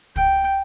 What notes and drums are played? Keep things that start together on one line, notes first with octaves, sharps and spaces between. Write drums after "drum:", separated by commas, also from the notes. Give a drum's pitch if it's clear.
G5, drum: kick